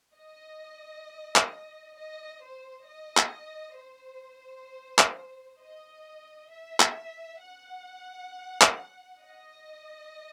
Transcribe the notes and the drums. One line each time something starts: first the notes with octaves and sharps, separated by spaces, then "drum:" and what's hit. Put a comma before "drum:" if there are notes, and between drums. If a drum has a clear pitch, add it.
D#5
drum: clap
D#5
C5
D#5
drum: clap
C5
drum: clap
D#5
E5
drum: clap
F#5
drum: clap
D#5